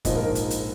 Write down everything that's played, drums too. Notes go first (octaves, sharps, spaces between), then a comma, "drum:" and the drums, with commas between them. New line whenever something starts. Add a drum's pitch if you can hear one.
A#1 G#2 F3 D#5, drum: kick, hi-hat
A#4
drum: hi-hat
drum: hi-hat